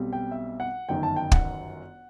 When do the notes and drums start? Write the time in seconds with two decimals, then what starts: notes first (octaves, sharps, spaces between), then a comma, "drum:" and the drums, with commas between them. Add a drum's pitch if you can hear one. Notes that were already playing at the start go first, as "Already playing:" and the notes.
Already playing: B1 B2 G3 C4
0.13 G5
0.31 E5
0.60 F#5
0.89 G1 F#2 D#3 G5
1.03 A5
1.16 G5
1.32 F#5, drum: kick